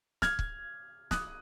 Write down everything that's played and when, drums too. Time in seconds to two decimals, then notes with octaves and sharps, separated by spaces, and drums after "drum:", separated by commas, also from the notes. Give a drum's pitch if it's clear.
0.22 F6 G#6, drum: snare
0.39 drum: kick
1.11 D#6 F#6, drum: snare